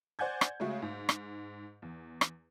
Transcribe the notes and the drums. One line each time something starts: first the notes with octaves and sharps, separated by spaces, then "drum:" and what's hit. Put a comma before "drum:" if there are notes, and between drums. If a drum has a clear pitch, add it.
C5 D5 F#5 G#5 G6 G#6
drum: rim click
C#3 G#3 A3 F#4
G#2
drum: rim click
E2
drum: rim click